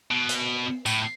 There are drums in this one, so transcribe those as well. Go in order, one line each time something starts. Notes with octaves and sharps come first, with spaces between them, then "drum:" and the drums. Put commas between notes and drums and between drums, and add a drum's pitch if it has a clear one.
B2
drum: hi-hat
A2, drum: tambourine